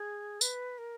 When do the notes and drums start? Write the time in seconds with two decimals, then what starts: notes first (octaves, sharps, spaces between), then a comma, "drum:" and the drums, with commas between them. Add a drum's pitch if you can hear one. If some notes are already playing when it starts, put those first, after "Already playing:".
Already playing: G#4
0.41 B4, drum: tambourine
0.78 A#4